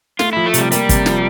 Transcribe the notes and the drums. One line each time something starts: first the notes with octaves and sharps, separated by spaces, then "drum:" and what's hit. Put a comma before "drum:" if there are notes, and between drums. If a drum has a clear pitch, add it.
A3 F4, drum: snare
F3 E4
A3
C3 G3, drum: hi-hat
G3 A#3, drum: hi-hat
C3, drum: kick, hi-hat
F3, drum: snare